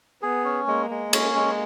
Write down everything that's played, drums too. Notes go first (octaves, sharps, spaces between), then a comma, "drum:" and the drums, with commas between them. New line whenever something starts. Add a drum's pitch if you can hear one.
B3 G#4
C#4
G#3 A#3
G#3
A#3 C#4, drum: cymbal
G#3